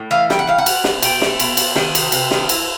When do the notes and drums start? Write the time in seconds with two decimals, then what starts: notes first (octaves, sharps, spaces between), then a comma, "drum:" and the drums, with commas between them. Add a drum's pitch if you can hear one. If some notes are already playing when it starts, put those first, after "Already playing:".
Already playing: A2
0.11 E3 F5
0.30 G3 G5, drum: snare
0.39 F#5
0.47 G3 F5
0.58 F#5
0.66 G3, drum: cymbal
0.84 B2, drum: snare
1.02 B2 G5, drum: cymbal
1.21 A3, drum: snare
1.40 B2, drum: cymbal
1.57 B2, drum: cymbal
1.76 D#3, drum: snare
1.95 C3, drum: cymbal
2.12 C3, drum: cymbal
2.31 D#3, drum: snare
2.49 E3, drum: cymbal